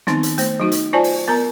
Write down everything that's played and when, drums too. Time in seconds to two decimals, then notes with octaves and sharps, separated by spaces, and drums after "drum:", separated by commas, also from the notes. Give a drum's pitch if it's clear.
0.07 D#3 B3 C4 D#4, drum: snare
0.23 drum: hi-hat
0.38 A3 C5, drum: hi-hat
0.60 F#3 D#4 F#4
0.72 drum: hi-hat
0.93 F4 C5 D5 G#5 A5
1.04 drum: open hi-hat
1.28 B3 A#4 A#5